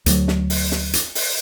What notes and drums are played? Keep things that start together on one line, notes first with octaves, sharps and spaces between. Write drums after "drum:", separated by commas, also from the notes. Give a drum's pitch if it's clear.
D2 F#3, drum: hi-hat
drum: snare
drum: open hi-hat
drum: snare
drum: hi-hat
drum: open hi-hat